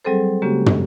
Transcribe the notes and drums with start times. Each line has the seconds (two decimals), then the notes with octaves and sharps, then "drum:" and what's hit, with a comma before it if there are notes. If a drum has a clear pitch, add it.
0.05 F#3 G3 C4 G#4 A4 C5
0.42 C#3 G#3 A#3 C#4 F#4 G4
0.66 drum: tom